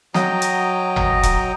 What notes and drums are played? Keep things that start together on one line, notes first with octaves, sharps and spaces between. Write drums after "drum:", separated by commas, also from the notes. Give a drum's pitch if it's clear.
F#3 D#5 G5 A#5, drum: snare
drum: hi-hat
drum: tom G1
drum: kick E1, hi-hat